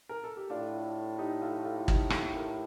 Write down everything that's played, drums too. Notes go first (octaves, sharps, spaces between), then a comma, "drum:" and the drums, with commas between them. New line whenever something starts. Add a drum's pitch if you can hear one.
A#4
A4
G4
A2 D4 F4
D#4 G4
F4 A4
F4 A4
F4
D#4 G4, drum: kick
F4 A4, drum: rim click
G4 A#4